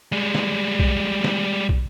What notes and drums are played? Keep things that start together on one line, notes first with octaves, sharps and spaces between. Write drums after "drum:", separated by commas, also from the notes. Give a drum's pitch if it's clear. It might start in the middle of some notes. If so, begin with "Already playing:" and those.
G3 G#3
drum: snare
drum: kick
drum: snare
drum: kick